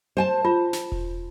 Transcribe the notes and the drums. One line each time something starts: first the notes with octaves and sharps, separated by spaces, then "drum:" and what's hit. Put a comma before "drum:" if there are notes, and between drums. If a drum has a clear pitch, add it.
C5 G#5 A5
F4 C5
drum: snare
drum: kick E1